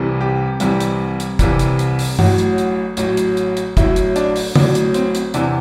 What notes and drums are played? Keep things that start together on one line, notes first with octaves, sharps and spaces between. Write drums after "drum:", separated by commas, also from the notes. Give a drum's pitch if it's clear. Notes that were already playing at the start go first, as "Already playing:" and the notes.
Already playing: C2 C3 E3 G3
G4
C2 C3 E3 G3, drum: hi-hat
drum: hi-hat
drum: hi-hat
C2 C3 E3 G3, drum: kick, hi-hat
drum: hi-hat
drum: hi-hat
drum: open hi-hat
A1 A2 F#3 F#4, drum: tom G2
drum: hi-hat
drum: hi-hat
A1 A2 F#3, drum: hi-hat
drum: hi-hat
drum: hi-hat
drum: hi-hat
A1 A2 F#3 E4, drum: kick, hi-hat
drum: hi-hat
D4, drum: hi-hat
drum: open hi-hat
A1 A2 F#3 D4, drum: tom C#3
drum: hi-hat
C4, drum: hi-hat
drum: hi-hat
E2 C3 E3 D4, drum: hi-hat